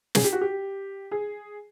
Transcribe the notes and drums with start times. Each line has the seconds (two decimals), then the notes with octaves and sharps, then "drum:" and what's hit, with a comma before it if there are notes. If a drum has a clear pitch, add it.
0.15 G#4, drum: snare
0.24 G4
0.33 F#4
0.41 G4
1.11 G#4